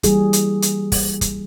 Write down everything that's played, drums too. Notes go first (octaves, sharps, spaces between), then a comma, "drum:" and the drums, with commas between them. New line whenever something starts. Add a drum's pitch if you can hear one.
E3 G3 A#3 G#4, drum: kick, hi-hat
drum: hi-hat
drum: hi-hat
drum: kick, open hi-hat
drum: kick, hi-hat